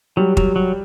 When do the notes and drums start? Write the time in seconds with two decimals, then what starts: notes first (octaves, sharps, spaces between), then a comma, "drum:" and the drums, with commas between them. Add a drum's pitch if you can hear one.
0.17 F#3 G3
0.37 F#3, drum: kick
0.56 F#3